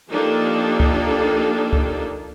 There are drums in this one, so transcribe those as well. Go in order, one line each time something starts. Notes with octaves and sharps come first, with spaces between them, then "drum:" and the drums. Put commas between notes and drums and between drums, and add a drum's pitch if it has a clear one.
F3 A#3 D4 D#4 G4 A4
drum: kick C#2
drum: kick C#2